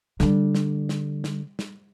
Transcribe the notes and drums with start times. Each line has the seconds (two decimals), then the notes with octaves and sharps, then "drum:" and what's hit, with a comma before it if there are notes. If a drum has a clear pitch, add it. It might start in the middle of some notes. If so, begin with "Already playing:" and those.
0.20 D3 G3, drum: snare
0.55 drum: snare
0.89 drum: snare
1.24 drum: snare
1.59 drum: snare